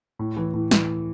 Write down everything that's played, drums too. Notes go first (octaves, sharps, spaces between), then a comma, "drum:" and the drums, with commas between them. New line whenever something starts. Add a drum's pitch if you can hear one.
A2
E3
A2
E3, drum: snare